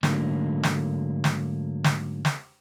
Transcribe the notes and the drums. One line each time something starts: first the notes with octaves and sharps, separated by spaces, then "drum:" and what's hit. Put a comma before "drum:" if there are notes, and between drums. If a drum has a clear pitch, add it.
G#2 D3 F#3 A3 A#3, drum: snare
drum: snare
drum: snare
drum: snare
drum: snare